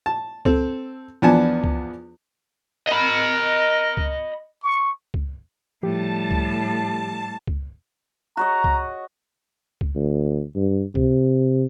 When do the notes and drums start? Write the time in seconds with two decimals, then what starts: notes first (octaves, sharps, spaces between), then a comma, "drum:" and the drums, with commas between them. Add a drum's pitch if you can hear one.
0.06 A5
0.45 C4 A4, drum: kick C#2
1.22 E2 F3 B3 D4 G#5 A5
1.64 drum: kick C#2
2.89 A#4 D#5 B5
3.97 drum: kick C#2
4.63 C#6
5.14 drum: kick C#2
5.83 A2 F3 G3 G4 A5
6.31 drum: kick C#2
7.47 drum: kick C#2
8.37 F#4 C#5 D#5 A#5
8.64 drum: kick C#2
9.81 drum: kick C#2
9.96 D2
10.55 G2
10.95 C3, drum: kick C#2